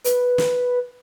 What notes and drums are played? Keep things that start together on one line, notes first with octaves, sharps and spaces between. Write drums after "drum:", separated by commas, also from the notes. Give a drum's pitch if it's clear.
B4, drum: hi-hat
drum: snare